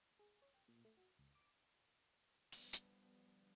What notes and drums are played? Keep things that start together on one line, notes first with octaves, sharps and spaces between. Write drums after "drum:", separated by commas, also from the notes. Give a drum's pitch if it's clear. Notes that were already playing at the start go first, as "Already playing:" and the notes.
G#4
C#5
G5
A#2
A3
F#4
C#2
D6
D3 F3 G3 B3, drum: open hi-hat
drum: hi-hat